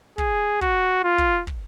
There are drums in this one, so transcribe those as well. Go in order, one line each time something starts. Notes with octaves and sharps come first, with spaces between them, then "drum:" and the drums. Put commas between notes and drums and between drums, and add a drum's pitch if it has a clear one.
G#4, drum: kick
F#4, drum: kick
F4
drum: kick
drum: kick